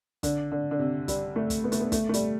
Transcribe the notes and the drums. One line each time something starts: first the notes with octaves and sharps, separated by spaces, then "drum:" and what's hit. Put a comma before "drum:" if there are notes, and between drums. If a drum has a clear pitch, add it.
D3, drum: kick, hi-hat
D3
D3
C3
G3, drum: kick, hi-hat
A3
drum: kick, hi-hat
B3
A3, drum: hi-hat
B3
A3, drum: kick, hi-hat
A3
G3, drum: hi-hat